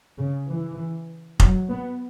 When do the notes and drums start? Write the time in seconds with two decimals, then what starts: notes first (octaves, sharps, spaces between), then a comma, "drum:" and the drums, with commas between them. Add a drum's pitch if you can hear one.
0.18 C#3
0.50 E3
1.40 F#3, drum: kick
1.70 B3